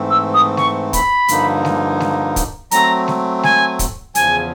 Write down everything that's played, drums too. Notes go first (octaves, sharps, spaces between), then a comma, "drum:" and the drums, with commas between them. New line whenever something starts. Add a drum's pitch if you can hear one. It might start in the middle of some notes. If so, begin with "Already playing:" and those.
Already playing: G#2 E3 A3 C4
E6
D#6
C#6, drum: snare G#3
B5, drum: kick, hi-hat
G2 D3 F3 A#3 D#4, drum: hi-hat
drum: snare G#3
drum: snare G#3
drum: kick, hi-hat
F#3 A3 C4 A#5, drum: hi-hat
drum: snare G#3
G#5, drum: snare G#3
drum: kick, hi-hat
E2 C#3 F3 G#5, drum: hi-hat